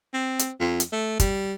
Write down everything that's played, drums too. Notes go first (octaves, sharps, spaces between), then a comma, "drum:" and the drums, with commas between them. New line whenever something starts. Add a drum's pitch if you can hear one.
C4
drum: hi-hat
F2
drum: hi-hat
A3
G3, drum: kick, hi-hat